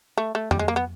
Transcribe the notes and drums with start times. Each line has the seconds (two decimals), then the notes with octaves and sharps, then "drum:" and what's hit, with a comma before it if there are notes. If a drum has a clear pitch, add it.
0.18 A3
0.35 A3
0.51 G3, drum: tom F2
0.59 G#3
0.68 A#3
0.76 B3